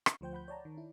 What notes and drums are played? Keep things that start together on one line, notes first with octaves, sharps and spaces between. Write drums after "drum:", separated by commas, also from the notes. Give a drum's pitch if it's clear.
drum: rim click
D2 F3 C5 G5 G6
F#5 B5 G6
C#5 D5 A5 A#5
D#3
E4